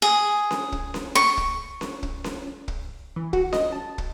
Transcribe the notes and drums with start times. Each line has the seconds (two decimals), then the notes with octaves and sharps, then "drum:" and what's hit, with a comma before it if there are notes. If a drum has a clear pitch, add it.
0.02 G#4
0.51 drum: snare C#4
0.72 drum: kick
0.94 drum: snare C#4
1.15 C#6
1.37 drum: kick
1.81 drum: snare C#4
2.03 drum: kick
2.24 drum: snare C#4
2.68 drum: kick
3.16 E3
3.33 F#4, drum: kick
3.53 D#5, drum: snare C#4
3.72 A5
3.98 drum: kick